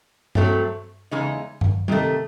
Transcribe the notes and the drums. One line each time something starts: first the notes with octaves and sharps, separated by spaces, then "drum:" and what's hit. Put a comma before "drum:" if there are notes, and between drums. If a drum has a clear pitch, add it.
F#3 A3 C4, drum: tom G2
E2 C#3 G#3 D#4
drum: tom G2
C3 D#3 A3, drum: tom G3